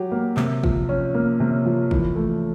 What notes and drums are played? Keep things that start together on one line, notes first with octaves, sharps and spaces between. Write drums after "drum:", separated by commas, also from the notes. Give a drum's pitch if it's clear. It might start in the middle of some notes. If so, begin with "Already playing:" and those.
Already playing: F#3 G4
A#3
C3, drum: clap
F3, drum: kick
C#4
A#3
C3
F3
E3, drum: kick
A3